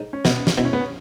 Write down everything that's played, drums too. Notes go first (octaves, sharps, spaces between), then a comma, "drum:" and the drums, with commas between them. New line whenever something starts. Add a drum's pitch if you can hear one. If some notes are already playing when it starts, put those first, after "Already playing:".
Already playing: G#2
C#4
B2 B3, drum: snare
drum: snare
B2 E4
C#4
B3
C#4